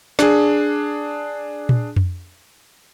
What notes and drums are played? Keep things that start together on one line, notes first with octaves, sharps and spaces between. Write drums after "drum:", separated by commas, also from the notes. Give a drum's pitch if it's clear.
D4 G#4, drum: snare
drum: tom A#2
drum: tom F2